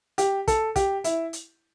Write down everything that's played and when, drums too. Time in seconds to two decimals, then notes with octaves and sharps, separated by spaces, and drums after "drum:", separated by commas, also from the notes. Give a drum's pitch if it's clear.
0.18 G4, drum: hi-hat
0.48 A4, drum: kick, hi-hat
0.76 G4, drum: kick, hi-hat
1.04 E4, drum: hi-hat
1.33 drum: hi-hat